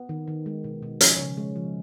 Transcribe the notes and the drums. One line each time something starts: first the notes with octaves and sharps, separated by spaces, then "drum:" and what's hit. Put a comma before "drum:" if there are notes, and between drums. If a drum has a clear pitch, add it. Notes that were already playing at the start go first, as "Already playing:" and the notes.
Already playing: B3
D#3
D#3
G#3
B2
B2
F3 C#4, drum: hi-hat
C#3
G#3
F3